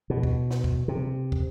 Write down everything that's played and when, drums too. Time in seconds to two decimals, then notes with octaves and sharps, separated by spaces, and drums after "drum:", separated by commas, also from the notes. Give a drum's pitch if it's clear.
0.10 B2
0.23 drum: kick
0.51 drum: snare
0.64 drum: kick
0.88 C3
1.32 drum: kick